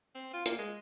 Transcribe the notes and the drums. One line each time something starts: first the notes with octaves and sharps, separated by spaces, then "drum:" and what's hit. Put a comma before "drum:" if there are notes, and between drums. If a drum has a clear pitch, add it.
C4
F4
A#3, drum: hi-hat
G#3